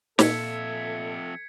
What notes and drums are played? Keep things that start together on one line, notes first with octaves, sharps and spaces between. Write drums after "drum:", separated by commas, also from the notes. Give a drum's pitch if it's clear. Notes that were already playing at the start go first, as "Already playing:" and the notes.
F2 A#2 A4 E5 G#6 B6 C#7, drum: snare